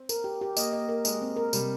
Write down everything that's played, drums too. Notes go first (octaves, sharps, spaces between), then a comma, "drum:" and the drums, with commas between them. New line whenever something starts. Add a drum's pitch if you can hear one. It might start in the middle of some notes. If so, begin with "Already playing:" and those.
Already playing: C4
A#4, drum: tambourine
G4
G4
A#3 D#5, drum: tambourine
D#5
A#4
G#3 D#5, drum: tambourine
C4
A#4
C3 G3, drum: tambourine